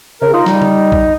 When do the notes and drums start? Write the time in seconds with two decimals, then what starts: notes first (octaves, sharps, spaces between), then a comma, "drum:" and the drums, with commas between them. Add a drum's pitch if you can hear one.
0.22 C#3 A#4
0.34 D#4 F4
0.46 G3, drum: snare
0.62 drum: tom C#3
0.92 drum: kick A#1